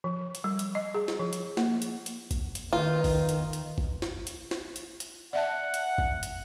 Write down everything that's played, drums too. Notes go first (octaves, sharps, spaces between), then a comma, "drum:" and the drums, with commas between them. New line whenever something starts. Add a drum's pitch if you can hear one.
F3
drum: hi-hat
G3
drum: hi-hat
D#5
G#4
drum: snare
F3
drum: hi-hat
A#3, drum: snare
drum: hi-hat
drum: hi-hat
drum: kick, hi-hat
drum: hi-hat
D#3 B3 D#4 F4
drum: kick, open hi-hat
drum: hi-hat
drum: hi-hat
drum: kick
drum: snare
drum: hi-hat
drum: snare
drum: hi-hat
drum: hi-hat
D5 E5 F#5 A5
drum: hi-hat
drum: kick
drum: hi-hat